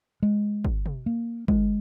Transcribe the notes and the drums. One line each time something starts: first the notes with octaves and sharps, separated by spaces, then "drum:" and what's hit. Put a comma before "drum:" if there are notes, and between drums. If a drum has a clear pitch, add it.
G#3
drum: kick
drum: tom
A#3
G#3, drum: kick